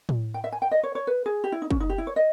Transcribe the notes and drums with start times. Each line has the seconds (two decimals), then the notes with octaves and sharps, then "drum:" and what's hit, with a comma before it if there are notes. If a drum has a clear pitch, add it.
0.09 drum: tom A2
0.34 G5
0.44 E5
0.52 G#5
0.62 G5
0.71 D#5
0.83 C#5
0.95 C#5
1.07 B4
1.26 G#4
1.44 G4
1.52 E4
1.62 D#4
1.71 C#4, drum: kick
1.80 D#4
1.89 G4
1.98 E4
2.07 C#5
2.16 D#5